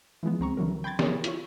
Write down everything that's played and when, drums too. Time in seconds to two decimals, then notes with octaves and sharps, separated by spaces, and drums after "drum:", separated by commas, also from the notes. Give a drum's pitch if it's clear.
0.23 E3 F3 G#3 B3
0.40 C#2 C4 A#5 C#6
0.57 D3 E3 F#3 A#4
0.84 G5 B5 C6 G#6 A6
0.99 B3 G4 G#4 A#4 C#5, drum: snare
1.24 E4 F4 C#5, drum: hi-hat